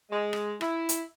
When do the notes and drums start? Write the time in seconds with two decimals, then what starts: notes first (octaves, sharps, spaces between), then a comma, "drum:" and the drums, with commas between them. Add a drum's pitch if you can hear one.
0.10 G#3
0.33 drum: rim click
0.61 E4, drum: rim click
0.89 drum: hi-hat